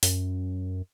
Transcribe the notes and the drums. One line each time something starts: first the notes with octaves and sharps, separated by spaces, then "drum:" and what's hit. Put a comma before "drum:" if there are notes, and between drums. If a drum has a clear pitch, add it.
F#2, drum: open hi-hat